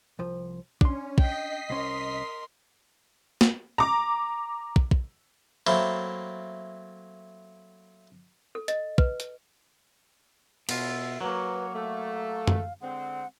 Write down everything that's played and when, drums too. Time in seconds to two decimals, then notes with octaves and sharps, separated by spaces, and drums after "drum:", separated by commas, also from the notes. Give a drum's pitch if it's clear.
0.19 C2 F3
0.81 C#4 D4 C6, drum: kick
1.18 D#5 G5 B6 C7, drum: kick
1.70 C2 C#4 A#4 C6
3.41 drum: snare
3.78 A#5 D6
4.76 drum: kick
4.91 drum: kick
5.67 F#3 A3 A#3 C4 E4
8.55 A4
8.68 D#5, drum: hi-hat
8.98 B4, drum: kick
9.20 drum: hi-hat
10.69 B2 F4 E5, drum: cymbal
11.21 F#3 A#3 F#4 B4 C#5
11.74 A3 F5
12.48 drum: tom F#2
12.81 D3 G#3 C4 F#5